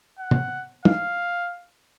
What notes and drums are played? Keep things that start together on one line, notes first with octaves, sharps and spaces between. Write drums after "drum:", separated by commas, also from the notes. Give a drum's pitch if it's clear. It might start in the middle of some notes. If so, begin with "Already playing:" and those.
F#5
drum: tom
F5, drum: tom